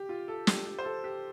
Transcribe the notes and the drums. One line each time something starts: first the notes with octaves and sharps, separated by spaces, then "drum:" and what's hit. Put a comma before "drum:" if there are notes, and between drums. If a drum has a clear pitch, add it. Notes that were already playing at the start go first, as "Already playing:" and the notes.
Already playing: G4
F4
A4
G4, drum: snare
G4
C5
A4
G4